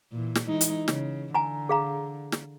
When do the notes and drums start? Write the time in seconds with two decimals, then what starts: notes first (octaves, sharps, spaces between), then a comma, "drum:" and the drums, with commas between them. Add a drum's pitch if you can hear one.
0.12 A#2 E3
0.35 drum: snare
0.45 E3 G#3 D#4
0.61 drum: hi-hat
0.88 C#3, drum: snare
1.34 D3 G#5 A#5
1.69 G#4 F5 A#5
2.32 drum: snare